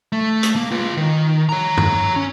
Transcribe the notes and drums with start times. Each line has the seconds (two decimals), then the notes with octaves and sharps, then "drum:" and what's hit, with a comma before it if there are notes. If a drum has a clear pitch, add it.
0.12 A3
0.43 drum: hi-hat
0.56 A#3
0.72 F4 B4
0.97 D#3
1.49 C#5 A#5
1.77 drum: tom
2.16 C#4